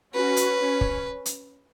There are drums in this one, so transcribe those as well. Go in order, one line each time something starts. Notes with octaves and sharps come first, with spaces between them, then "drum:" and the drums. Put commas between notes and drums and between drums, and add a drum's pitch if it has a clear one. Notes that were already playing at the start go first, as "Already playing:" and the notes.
C#4 F#4 B4
drum: hi-hat
C#4
drum: kick
drum: hi-hat